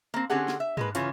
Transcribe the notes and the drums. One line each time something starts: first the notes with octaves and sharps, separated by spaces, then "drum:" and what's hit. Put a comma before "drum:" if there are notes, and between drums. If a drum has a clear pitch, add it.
A#3 C4
D3 C4 C#4 G4 G#4 F#5
drum: snare
E5
G#3 A#3 B4, drum: tom
C#3 E3 C#4 F4, drum: hi-hat